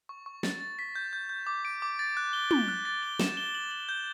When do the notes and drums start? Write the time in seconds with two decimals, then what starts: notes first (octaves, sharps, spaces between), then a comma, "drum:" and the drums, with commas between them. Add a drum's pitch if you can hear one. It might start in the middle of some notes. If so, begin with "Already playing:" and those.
0.09 C#6
0.26 C#6
0.43 A6, drum: snare
0.61 A6
0.79 B6
0.95 G6
1.13 G6
1.29 G6
1.47 D6
1.65 D7
1.82 D6
1.99 A6
2.17 F#6
2.33 G7
2.51 G7, drum: tom
2.68 F#6
2.85 A6
3.03 G7
3.20 E7, drum: snare
3.37 G7
3.55 F#7
3.71 F#7
3.89 G6